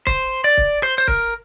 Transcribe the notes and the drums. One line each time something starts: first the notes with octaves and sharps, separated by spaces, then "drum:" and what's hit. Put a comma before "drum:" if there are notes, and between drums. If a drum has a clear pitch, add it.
C5, drum: kick
D5
drum: kick
C5
C5
A#4, drum: kick